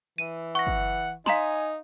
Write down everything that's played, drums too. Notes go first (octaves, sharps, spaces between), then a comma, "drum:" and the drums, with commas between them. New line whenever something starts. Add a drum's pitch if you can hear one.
E3 D#7
F#5 C#6 A#6
drum: kick
D#4 F5 G#5 A#5 C6, drum: snare